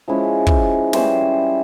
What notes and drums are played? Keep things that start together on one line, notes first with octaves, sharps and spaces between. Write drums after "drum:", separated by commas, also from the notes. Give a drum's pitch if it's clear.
F3 G#3 C#4 E4
drum: kick
E3 G3 C#4 E4 C5, drum: snare